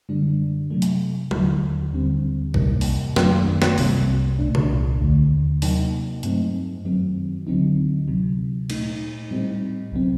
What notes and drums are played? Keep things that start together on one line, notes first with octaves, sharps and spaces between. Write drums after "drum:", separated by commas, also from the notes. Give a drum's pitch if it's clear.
F#2 D3 G3 D4
C3 F#3 A3
drum: hi-hat
D#2 D3 F#3, drum: tom F#3
D#2 D3 G3 C4
C3 G3 A#3 D#4, drum: kick
drum: open hi-hat
F#2 D#3 F#3 A3 D4, drum: snare
drum: snare
C2 C3 G3 C4, drum: open hi-hat
C2 A#2 A3 D4
drum: tom C3
D#2 D3 A3
C3 F#3 A#3 D#4, drum: open hi-hat
G2 F#3 A3 C4 D#4, drum: hi-hat
F#2 D#3 F#3 C4
D2 D3 F#3 C4 D#4
D2 C3 F#3
A#2 A3 D#4, drum: cymbal
A2 G3 C4 D#4
C2 C3 F#3 C4